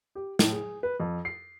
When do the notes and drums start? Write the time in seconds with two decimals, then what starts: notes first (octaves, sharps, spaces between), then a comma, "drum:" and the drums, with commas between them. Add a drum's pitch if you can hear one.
0.15 G4
0.39 A2, drum: snare
0.52 G#4
0.83 B4
1.00 F2
1.25 C7